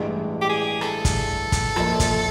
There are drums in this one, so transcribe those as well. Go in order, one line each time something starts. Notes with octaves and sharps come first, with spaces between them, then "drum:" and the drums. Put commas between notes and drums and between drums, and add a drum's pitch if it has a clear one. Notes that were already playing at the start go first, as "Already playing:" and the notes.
Already playing: A1 G2 E3 G#3
G4
G#4
A4, drum: rim click
drum: kick, hi-hat
drum: kick, hi-hat
A#1 A#2 F3, drum: rim click
drum: kick, hi-hat